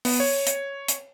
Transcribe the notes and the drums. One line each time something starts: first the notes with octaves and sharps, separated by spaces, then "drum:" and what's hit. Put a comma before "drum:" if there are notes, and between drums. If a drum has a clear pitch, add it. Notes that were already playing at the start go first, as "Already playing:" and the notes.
B3, drum: open hi-hat
C#5
drum: hi-hat
drum: hi-hat